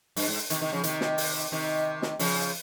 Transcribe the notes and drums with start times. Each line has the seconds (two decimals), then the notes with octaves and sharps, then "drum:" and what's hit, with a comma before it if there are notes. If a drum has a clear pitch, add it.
0.16 G2, drum: open hi-hat
0.28 G#2
0.50 C3 D#3, drum: hi-hat
0.61 C3 D#3
0.73 C#3 F3
0.84 C3 D#3, drum: hi-hat
1.01 drum: snare
1.18 drum: open hi-hat
1.52 C3 D#3
2.02 drum: snare
2.19 C#3 F3, drum: open hi-hat